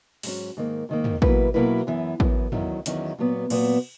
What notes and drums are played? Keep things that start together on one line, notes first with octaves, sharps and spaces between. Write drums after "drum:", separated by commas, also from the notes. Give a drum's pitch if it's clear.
G#2 F#3 C#4, drum: open hi-hat
G#2 D#3 A#3
G#2 D#3 A#3
drum: tom
B2 F#3 A#3 E4 B4, drum: kick
B2 F#3 A#3 E4 B4
F#2 E3 B3
F#2 E3 B3, drum: kick
E2 D#3 F#3 C#4 E4, drum: tom
E2 D#3 F#3 C#4 E4, drum: hi-hat
A#2 F#3 B3
A#2 F#3 B3, drum: cymbal